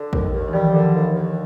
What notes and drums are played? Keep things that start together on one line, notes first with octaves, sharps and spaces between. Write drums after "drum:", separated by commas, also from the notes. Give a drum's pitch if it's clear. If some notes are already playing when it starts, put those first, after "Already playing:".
Already playing: D3
D#2, drum: kick
D#2
E3
D#3 F3 G3
D3
D#2
D#2